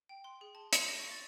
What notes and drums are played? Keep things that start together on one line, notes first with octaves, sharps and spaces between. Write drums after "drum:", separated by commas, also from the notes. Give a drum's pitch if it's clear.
G5
C6
G#4
A5
C6, drum: hi-hat
A#6
C#6
A6